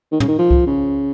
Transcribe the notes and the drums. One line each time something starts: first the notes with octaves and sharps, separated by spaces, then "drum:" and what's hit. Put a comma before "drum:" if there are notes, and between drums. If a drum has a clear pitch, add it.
D#3
C#3, drum: tom
D#3
F3
drum: kick C2
C#3